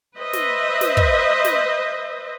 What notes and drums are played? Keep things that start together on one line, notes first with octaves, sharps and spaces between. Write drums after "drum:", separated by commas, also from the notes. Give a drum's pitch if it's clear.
B4 C5 D#5 E5
drum: snare
drum: snare
drum: kick
drum: snare